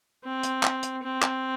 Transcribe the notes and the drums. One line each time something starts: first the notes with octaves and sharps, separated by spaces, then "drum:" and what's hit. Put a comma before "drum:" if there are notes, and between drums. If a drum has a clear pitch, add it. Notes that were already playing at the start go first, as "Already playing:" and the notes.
C4
drum: hi-hat
drum: clap
drum: hi-hat
C4
drum: clap